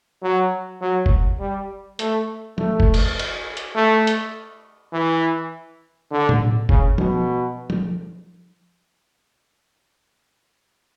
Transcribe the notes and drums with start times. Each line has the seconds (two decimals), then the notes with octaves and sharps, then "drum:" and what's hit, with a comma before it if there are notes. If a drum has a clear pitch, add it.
0.23 F#3
0.81 F#3
1.06 drum: kick F#1
1.40 G3
1.99 A3, drum: hi-hat
2.58 A3, drum: tom F3
2.80 drum: kick F#1
2.94 drum: cymbal
3.19 drum: cymbal
3.57 drum: hi-hat
3.75 A3
4.07 drum: hi-hat
4.93 E3
6.11 D3
6.29 drum: tom A2
6.69 C#3, drum: kick F#1
6.98 B2, drum: tom F3
7.70 drum: tom F3